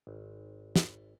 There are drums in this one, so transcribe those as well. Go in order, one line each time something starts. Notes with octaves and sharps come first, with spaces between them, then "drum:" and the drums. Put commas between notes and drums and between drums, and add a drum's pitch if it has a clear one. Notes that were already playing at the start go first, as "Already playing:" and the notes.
G#1
drum: snare